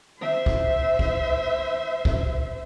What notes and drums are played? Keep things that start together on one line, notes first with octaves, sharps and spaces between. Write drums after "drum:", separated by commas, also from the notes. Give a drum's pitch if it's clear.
C5 E5
drum: kick
drum: kick
drum: kick